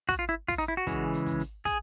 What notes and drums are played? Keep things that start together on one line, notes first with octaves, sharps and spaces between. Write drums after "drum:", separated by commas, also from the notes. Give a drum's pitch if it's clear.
F#4, drum: kick, hi-hat
F4
E4
F4, drum: kick, hi-hat
D#4, drum: hi-hat
E4
F#4
C#3 E3 G#3, drum: kick, hi-hat
drum: hi-hat
drum: kick, hi-hat
drum: hi-hat
G#4, drum: kick, hi-hat